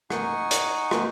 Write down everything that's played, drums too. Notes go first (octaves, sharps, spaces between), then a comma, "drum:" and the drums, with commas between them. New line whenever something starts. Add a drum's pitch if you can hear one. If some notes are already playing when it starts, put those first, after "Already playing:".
D#4 F#5 G#5 C#6, drum: rim click
drum: hi-hat
drum: rim click